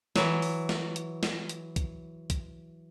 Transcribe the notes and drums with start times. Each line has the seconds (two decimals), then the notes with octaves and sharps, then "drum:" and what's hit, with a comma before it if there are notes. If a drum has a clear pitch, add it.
0.16 E3 F#3, drum: snare
0.42 drum: open hi-hat
0.69 drum: snare
0.96 drum: hi-hat
1.23 drum: snare
1.49 drum: hi-hat
1.76 drum: kick, hi-hat
2.30 drum: kick, hi-hat